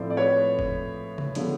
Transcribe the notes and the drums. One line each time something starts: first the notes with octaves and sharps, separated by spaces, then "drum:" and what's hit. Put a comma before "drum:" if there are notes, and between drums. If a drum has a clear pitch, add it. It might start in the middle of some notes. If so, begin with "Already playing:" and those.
Already playing: A2 F3 A3 C4 C5 D5
D5
B4 C#5
drum: kick
drum: tom C#3
D3 F3 G#3 B3, drum: hi-hat